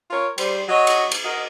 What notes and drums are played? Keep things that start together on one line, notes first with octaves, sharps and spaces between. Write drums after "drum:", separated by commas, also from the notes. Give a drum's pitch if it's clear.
F4 A#4 C#5
G3 C5, drum: cymbal
F#3 C#5 D#5
drum: cymbal
drum: cymbal
F#4 A#4 D#5